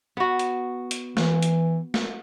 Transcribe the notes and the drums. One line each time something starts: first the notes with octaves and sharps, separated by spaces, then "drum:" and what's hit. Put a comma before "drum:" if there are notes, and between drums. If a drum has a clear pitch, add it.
B3 F#4
drum: hi-hat
drum: hi-hat
E3, drum: snare
drum: hi-hat
drum: snare